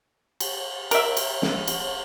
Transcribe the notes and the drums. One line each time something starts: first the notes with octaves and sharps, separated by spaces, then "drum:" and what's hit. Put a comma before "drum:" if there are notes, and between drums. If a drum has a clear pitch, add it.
drum: cymbal
A#4 E5, drum: cymbal
drum: cymbal
drum: snare
drum: cymbal